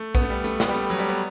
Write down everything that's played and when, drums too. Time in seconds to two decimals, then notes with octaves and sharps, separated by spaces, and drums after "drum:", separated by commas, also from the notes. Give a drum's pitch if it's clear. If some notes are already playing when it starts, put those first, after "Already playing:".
Already playing: A3
0.15 B3, drum: kick A#1, tambourine
0.22 A3
0.30 G3
0.44 A3, drum: tambourine
0.60 B3, drum: snare
0.68 G3
0.74 A3, drum: tambourine
0.90 F#3
0.99 G3
1.09 B3